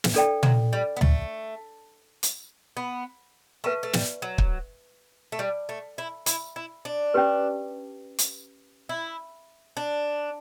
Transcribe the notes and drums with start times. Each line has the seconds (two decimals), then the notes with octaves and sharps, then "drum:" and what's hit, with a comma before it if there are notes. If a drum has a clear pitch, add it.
0.04 drum: snare
0.14 E3 D4 A4 D5 G5
0.43 F#3, drum: tom
0.73 G3
0.97 B3
1.01 A3, drum: tom
2.23 drum: hi-hat
2.77 B3
3.64 A3 B4 E5 A5 C#6
3.83 A3
3.93 G3, drum: snare
4.22 F#3
4.38 drum: kick
5.32 A3
5.39 G3
5.69 A3
5.98 E4
6.26 E4, drum: hi-hat
6.56 E4
6.85 D4
7.14 C#4 G4 B4
8.19 drum: hi-hat
8.89 E4
9.77 D4